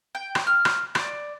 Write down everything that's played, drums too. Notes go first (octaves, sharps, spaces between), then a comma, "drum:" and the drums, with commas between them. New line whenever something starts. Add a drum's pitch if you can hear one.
G5
drum: rim click
F6
drum: rim click
D5, drum: rim click